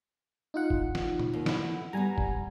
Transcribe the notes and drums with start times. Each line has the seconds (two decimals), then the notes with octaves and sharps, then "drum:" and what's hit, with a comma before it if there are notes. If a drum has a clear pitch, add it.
0.54 D#4 F4 F#5
0.70 drum: kick
0.95 drum: snare
1.19 drum: tom
1.33 D#2
1.46 D3 B3 E4, drum: snare
1.93 G3 B3 G#5 A#5
2.18 drum: kick